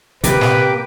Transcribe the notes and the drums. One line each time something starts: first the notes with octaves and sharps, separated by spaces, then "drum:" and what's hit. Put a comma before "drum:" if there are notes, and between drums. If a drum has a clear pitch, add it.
C3 A#3 G4 B4 D6, drum: hi-hat
drum: snare